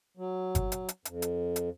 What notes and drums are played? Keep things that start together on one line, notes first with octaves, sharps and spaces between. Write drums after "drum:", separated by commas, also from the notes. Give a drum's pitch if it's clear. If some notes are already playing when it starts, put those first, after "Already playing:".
F#3
drum: kick G1, hi-hat
drum: hi-hat
drum: hi-hat
F2, drum: hi-hat
drum: hi-hat
drum: hi-hat